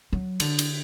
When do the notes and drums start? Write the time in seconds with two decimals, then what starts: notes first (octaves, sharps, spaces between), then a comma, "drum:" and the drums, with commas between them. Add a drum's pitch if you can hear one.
0.13 F#3
0.40 D3, drum: cymbal
0.59 drum: cymbal